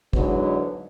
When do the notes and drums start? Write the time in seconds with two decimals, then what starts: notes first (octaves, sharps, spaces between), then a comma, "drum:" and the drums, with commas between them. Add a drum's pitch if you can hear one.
0.13 E2 G#2 D3 F#3 B3, drum: kick